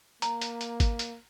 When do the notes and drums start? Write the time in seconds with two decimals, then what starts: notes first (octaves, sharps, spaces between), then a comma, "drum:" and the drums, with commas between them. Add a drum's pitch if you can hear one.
0.22 A#3 A#5, drum: hi-hat
0.41 drum: hi-hat
0.61 drum: hi-hat
0.80 drum: kick G#1, hi-hat
0.99 drum: hi-hat